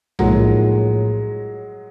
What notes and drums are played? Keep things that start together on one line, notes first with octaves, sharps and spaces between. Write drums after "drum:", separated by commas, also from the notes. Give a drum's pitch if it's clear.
A2 F3 F#3 G#3 A#3 D#4, drum: tom B1